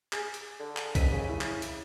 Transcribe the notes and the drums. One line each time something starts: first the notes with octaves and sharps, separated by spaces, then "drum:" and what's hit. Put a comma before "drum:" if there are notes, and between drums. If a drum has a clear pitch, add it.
G#4, drum: clap
drum: hi-hat
D3
drum: clap
F#1 D#2 B6 D#7, drum: kick B1, hi-hat
C#3
E4
drum: clap
drum: hi-hat